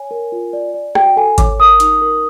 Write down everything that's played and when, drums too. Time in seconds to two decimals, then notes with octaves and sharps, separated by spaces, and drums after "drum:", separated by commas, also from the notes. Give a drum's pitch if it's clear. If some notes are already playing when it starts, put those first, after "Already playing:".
Already playing: C#5 G#5
0.11 A#4
0.32 F4
0.53 D5
0.74 D5
0.95 F#4 G5, drum: rim click
1.17 A4 G#5
1.38 C#5 D6, drum: kick G#1, hi-hat
1.60 A#4 D#6
1.80 D#4, drum: hi-hat
2.01 A#4